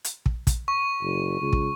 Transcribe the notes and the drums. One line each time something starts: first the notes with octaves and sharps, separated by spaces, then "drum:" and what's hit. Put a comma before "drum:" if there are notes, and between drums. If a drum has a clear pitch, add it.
drum: hi-hat
drum: kick
drum: kick, hi-hat
C#6
F#1
C#2
drum: kick